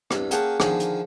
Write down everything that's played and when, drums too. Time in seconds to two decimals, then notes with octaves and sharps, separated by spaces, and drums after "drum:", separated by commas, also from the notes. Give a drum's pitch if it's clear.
0.11 C2 G2, drum: rim click
0.31 A#3 C#4 G#4 F#5 G5 A5, drum: hi-hat
0.60 D3 D#3 F3 D#4 G#4, drum: rim click
0.80 drum: hi-hat